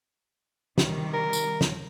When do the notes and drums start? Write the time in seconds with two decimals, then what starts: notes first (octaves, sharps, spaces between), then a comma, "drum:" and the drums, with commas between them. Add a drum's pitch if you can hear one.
0.78 C3 D#3 G3, drum: snare
1.13 A#4
1.33 drum: tambourine
1.61 drum: snare